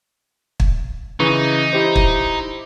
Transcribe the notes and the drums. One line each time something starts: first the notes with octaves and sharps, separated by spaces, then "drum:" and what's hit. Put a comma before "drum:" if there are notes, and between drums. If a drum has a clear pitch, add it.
drum: kick
C#3 E3 D#4 C#6
E4 G4 C5
drum: kick